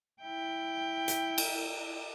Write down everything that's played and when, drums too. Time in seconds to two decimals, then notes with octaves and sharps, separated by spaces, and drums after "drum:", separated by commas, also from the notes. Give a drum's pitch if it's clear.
0.22 E4 G5
1.08 drum: hi-hat
1.38 drum: cymbal